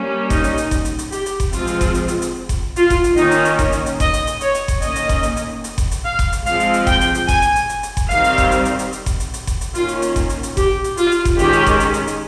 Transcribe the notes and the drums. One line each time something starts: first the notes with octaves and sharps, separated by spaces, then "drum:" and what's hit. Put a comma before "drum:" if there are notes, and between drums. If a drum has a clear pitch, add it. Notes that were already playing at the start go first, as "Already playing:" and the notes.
Already playing: G3 A#3 C#4
D#4, drum: kick F#1, hi-hat
drum: hi-hat
drum: hi-hat
drum: kick F#1, hi-hat
drum: hi-hat
drum: hi-hat
G4, drum: hi-hat
drum: hi-hat
drum: kick F#1, hi-hat
F3 G#3 C4 F4, drum: hi-hat
drum: hi-hat
drum: kick F#1, hi-hat
drum: hi-hat
drum: hi-hat
drum: hi-hat
drum: kick F#1, hi-hat
F4, drum: hi-hat
drum: kick F#1, hi-hat
drum: hi-hat
D#3 A#3 C#4 D#4, drum: hi-hat
drum: hi-hat
drum: hi-hat
drum: kick F#1, hi-hat
drum: hi-hat
drum: hi-hat
D#5, drum: kick F#1, hi-hat
drum: hi-hat
drum: hi-hat
C#5, drum: hi-hat
drum: hi-hat
drum: kick F#1, hi-hat
D#3 A#3 C#4 D#5, drum: hi-hat
drum: hi-hat
drum: kick F#1, hi-hat
drum: hi-hat
drum: hi-hat
drum: hi-hat
drum: kick F#1, hi-hat
drum: hi-hat
F5
drum: kick F#1, hi-hat
drum: hi-hat
F3 G#3 C4 F5, drum: hi-hat
drum: hi-hat
drum: hi-hat
G5, drum: kick F#1, hi-hat
drum: hi-hat
drum: hi-hat
G#5, drum: kick F#1, hi-hat
drum: hi-hat
drum: hi-hat
drum: hi-hat
drum: hi-hat
drum: kick F#1, hi-hat
D#3 G3 C4 F5, drum: hi-hat
drum: hi-hat
drum: kick F#1, hi-hat
drum: hi-hat
drum: hi-hat
drum: hi-hat
drum: hi-hat
drum: kick F#1, hi-hat
drum: hi-hat
drum: hi-hat
drum: kick F#1, hi-hat
drum: hi-hat
D#3 A#3 C#4 F4, drum: hi-hat
drum: hi-hat
drum: hi-hat
drum: kick F#1, hi-hat
drum: hi-hat
drum: hi-hat
G4, drum: kick F#1, hi-hat
drum: hi-hat
F4, drum: hi-hat
drum: hi-hat
drum: kick F#1, hi-hat
D#3 G#3 C#4 G4, drum: hi-hat
drum: hi-hat
drum: kick F#1, hi-hat
drum: hi-hat
drum: hi-hat
drum: hi-hat